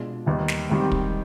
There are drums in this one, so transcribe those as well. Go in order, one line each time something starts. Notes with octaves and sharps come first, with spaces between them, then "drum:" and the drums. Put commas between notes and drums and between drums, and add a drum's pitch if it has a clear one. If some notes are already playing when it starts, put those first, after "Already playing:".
Already playing: B2 G#3 D4 F4 G#4
D#2 D#3 G3 B3 D#4
drum: snare
G#2 D#3 G3 C4 G4
drum: kick